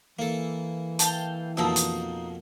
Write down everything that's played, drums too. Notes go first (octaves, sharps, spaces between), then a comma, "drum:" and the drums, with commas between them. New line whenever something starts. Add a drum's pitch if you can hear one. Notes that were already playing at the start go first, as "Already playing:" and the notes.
E3 A#3 A4
F5 G5 A5, drum: hi-hat
F2 B2 A#3 D#4 A5 E6
drum: hi-hat